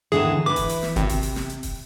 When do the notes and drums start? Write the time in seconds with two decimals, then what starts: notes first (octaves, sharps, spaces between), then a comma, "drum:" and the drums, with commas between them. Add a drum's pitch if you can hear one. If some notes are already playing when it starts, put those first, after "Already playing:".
0.12 D#2 D3 E3 G#4
0.46 E3 B4 D6
0.56 drum: kick E1, open hi-hat
0.69 drum: open hi-hat
0.83 drum: snare
0.96 G#1 C3, drum: hi-hat
1.09 drum: kick E1, open hi-hat
1.23 drum: open hi-hat
1.36 drum: snare
1.50 drum: hi-hat
1.63 drum: kick E1, open hi-hat